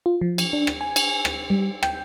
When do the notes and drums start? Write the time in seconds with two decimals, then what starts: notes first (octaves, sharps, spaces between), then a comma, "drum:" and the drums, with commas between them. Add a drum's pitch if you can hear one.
0.06 F4
0.21 F3
0.38 drum: cymbal
0.53 D4
0.67 drum: rim click
0.81 G#5
0.96 drum: cymbal
1.25 drum: rim click
1.50 G3
1.83 G5, drum: rim click